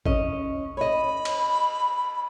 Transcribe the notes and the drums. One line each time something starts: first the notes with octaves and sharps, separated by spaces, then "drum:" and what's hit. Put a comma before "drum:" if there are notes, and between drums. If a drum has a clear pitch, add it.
C#4 D#5, drum: kick A1
C#5 D#5 B5
drum: cymbal